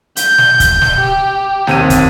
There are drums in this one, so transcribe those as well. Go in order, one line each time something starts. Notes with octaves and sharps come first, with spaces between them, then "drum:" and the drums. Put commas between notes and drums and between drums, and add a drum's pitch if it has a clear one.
G6, drum: hi-hat
drum: snare
drum: kick, hi-hat
drum: snare
G4
D#2 C3 D#7, drum: snare
drum: kick, hi-hat